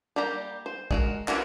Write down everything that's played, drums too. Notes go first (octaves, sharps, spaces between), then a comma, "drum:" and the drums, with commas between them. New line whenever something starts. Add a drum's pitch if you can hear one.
G3 A#3 G4 A#5
C5
G#3 F#4 A#4, drum: kick
E3 F#3 A#3 C#4 F#4, drum: clap